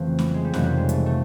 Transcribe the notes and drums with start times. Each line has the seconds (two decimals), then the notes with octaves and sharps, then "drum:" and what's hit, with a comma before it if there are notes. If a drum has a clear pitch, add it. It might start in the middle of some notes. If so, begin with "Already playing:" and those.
Already playing: F2 C#3 E3 A3 C4
0.19 drum: snare C#4
0.34 G#3
0.45 G3
0.54 F2 C3 D#3 F#3, drum: snare C#4
0.65 G3
0.77 G#3
0.89 A3, drum: hi-hat
1.06 A3